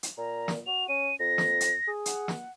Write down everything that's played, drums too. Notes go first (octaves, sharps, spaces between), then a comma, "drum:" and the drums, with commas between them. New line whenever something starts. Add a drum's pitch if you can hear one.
drum: hi-hat
A#2 A#5
drum: snare
F#4 F7
C#4 D#7
F2 A#6
drum: snare
drum: hi-hat
G#4
F#5, drum: hi-hat
drum: snare